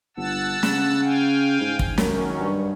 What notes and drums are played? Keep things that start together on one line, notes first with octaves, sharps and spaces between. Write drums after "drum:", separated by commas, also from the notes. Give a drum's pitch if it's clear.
G1 F#5 A5 E6
C#3, drum: snare
F5 G5 G#5
G#2
drum: kick
F#2 D#3 F#3 C#4, drum: snare
G2